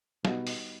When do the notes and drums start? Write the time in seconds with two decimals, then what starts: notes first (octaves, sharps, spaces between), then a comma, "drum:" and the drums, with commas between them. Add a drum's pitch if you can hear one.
0.25 B2 G3 B3 D#4 F#4, drum: snare
0.47 drum: open hi-hat